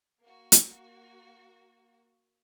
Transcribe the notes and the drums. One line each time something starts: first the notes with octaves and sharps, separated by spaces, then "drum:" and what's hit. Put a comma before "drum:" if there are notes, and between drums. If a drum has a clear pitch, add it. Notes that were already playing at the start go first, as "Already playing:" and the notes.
A#3 F#4
drum: hi-hat